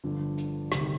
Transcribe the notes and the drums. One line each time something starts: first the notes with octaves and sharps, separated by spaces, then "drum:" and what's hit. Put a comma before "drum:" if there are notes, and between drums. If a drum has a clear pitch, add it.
G1 G2 D3 F3
drum: hi-hat
D2 C3 D#3 G3, drum: rim click